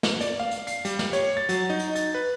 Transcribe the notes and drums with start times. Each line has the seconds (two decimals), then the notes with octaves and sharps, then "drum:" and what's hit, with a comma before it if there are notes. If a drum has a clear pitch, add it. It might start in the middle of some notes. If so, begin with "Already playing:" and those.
0.03 drum: snare
0.21 D5, drum: hi-hat
0.40 F5
0.51 drum: hi-hat
0.67 C7, drum: hi-hat
0.85 G3, drum: hi-hat
0.99 drum: snare
1.13 C#5, drum: hi-hat
1.37 A6
1.49 F#3, drum: hi-hat
1.70 D#4
1.79 drum: hi-hat
1.95 A6, drum: hi-hat
2.14 B4